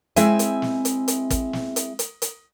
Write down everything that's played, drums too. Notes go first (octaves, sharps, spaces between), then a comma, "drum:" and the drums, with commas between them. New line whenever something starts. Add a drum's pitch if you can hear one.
G#3 C4 E4 E5 G#5, drum: hi-hat
drum: hi-hat
drum: snare
drum: hi-hat
drum: hi-hat
drum: kick, hi-hat
drum: snare
drum: hi-hat
drum: hi-hat
drum: hi-hat